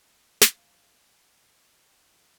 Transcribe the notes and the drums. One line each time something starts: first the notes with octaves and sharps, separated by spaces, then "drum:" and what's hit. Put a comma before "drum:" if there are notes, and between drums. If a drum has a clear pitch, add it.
drum: snare
G#2 D#3 F#3 A#3 C#4 F5
F#5
E2 B2 F#3 A#3 G5